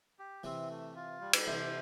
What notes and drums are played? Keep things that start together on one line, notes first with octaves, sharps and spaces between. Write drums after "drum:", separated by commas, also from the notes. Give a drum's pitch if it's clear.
G4
C3 E3 C4
A3
F4
G3
drum: cymbal
C3 E3 C5